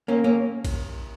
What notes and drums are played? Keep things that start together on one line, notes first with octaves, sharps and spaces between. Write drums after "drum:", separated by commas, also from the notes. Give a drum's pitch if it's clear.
A#3 C#4
A#3 C#4
drum: kick A#1, cymbal